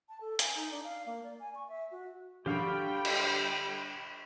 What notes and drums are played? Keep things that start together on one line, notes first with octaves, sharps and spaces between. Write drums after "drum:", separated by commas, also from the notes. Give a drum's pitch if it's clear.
A5
A4
G#5, drum: hi-hat
D#4
D4
F5
A#3
D5
G#5
C#6
E5
F#4
D3 G3 G4 F5 G5 B5 C#6
drum: cymbal